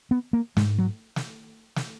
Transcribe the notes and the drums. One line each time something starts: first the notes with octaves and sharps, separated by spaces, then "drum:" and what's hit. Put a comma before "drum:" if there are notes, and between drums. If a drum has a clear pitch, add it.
B3
A#3
G#2 G#3, drum: snare
F#3
drum: snare
drum: snare